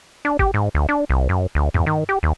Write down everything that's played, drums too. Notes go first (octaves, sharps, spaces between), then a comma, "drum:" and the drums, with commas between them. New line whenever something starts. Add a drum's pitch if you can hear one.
D4
G4, drum: kick
G#2
D2
D4
C2
F#2
D2
E2, drum: tom G2
D#3
G4
D#2